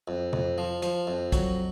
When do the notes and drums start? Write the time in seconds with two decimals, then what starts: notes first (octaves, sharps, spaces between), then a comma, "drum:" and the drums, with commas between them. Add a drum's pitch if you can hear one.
0.08 F2
0.33 F2, drum: tom C3
0.58 F3
0.82 F3, drum: hi-hat
1.07 F2
1.32 F#3, drum: kick, hi-hat